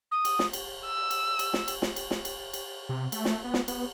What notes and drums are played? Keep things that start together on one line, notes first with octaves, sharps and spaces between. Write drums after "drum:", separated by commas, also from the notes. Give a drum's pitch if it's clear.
D#6
drum: cymbal
drum: snare
drum: cymbal
E6
drum: cymbal
drum: cymbal
drum: snare
drum: cymbal
drum: snare
drum: cymbal
drum: snare
drum: cymbal
drum: cymbal
C3
A3, drum: cymbal
drum: snare
B3
drum: snare
B3, drum: cymbal